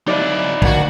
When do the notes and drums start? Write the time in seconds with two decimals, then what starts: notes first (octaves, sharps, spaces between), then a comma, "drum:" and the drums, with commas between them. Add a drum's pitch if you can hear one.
0.08 F#3 D#4 E4 D5 D#5 A5
0.62 D2 A#3 F#4, drum: kick